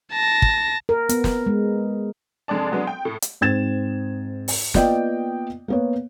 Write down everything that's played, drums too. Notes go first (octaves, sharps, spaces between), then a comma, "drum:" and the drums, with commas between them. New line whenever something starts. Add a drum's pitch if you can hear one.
A5 A#6
drum: kick
A#4
B3, drum: hi-hat
drum: snare
G#3
F1 G#3 D4 D5 A5
F#3 G#3 B3 D4
G5
A2
drum: hi-hat
G#2 C4 G#6 A6 E7
drum: open hi-hat
A#3 B3 F4 D5 D#5 G5, drum: snare
A#3 B3 C#5